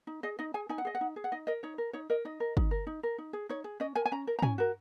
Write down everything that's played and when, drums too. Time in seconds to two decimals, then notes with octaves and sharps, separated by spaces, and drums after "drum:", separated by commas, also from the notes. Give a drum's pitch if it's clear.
0.07 D#4
0.23 G#4 D#5
0.39 D#4 D#5
0.54 G#4 G#5
0.69 D#4 G#5
0.78 F#5
0.85 G#4 D#5
0.95 F#5
1.01 D#4
1.16 G#4
1.24 F#5
1.32 D#4 D#5
1.47 A#4 D#5
1.63 D#4 C#5
1.78 A#4
1.93 D#4 C#5
2.10 A#4 D#5
2.25 D#4 D#5
2.40 A#4
2.57 D#4, drum: kick
2.71 A#4
2.87 D#4
3.03 A#4
3.18 D#4
3.33 G#4
3.49 D#4 C#5
3.64 G#4
3.80 C#4 D#5
3.95 A#4 G#5
4.06 G#5
4.12 C#4 A#5
4.27 A#4
4.39 A#5
4.42 C#4 G#5, drum: tom
4.58 F#4 A#4